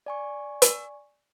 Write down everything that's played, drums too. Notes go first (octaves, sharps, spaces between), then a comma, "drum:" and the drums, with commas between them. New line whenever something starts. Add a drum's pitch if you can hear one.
D5 G#5 C#6
drum: hi-hat